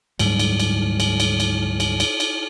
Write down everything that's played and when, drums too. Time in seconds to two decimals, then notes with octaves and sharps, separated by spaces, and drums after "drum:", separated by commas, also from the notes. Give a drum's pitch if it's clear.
0.19 D2 G#2 F#3 G3, drum: cymbal
0.39 drum: cymbal
0.60 drum: cymbal
1.00 drum: cymbal
1.20 drum: cymbal
1.40 drum: cymbal
1.80 drum: cymbal
2.00 drum: cymbal
2.20 drum: cymbal